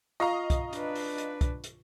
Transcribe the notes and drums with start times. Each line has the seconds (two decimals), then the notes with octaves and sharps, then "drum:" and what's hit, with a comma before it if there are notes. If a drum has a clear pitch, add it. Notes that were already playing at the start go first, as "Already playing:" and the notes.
0.20 F4 D#5 F5 A#5 C#6
0.50 drum: kick, hi-hat
0.73 D4 B4, drum: hi-hat
0.95 drum: open hi-hat
1.18 drum: hi-hat
1.41 drum: kick, hi-hat
1.64 drum: hi-hat